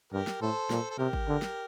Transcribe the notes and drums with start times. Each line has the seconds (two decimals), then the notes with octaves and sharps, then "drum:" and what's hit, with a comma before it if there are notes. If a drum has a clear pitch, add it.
0.13 G2 G4 A#4
0.27 drum: snare
0.41 A2 A4 C5
0.70 A#2, drum: snare
0.91 A4
0.98 C3 G4 A#4
1.13 drum: kick G#1
1.28 D3
1.42 drum: snare